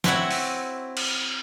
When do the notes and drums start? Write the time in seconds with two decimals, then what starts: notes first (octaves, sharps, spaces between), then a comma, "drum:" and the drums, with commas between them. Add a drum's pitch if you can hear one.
0.04 C4 E4 F#4 C#5 F#5, drum: snare
0.31 drum: open hi-hat
0.97 drum: cymbal